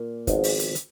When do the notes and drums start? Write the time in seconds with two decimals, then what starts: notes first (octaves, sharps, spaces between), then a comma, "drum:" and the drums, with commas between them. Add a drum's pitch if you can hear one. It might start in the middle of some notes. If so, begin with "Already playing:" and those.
Already playing: A#2 A#3
0.27 G#1 G#2 F3 B3, drum: kick, hi-hat
0.44 drum: open hi-hat
0.59 drum: hi-hat
0.75 drum: hi-hat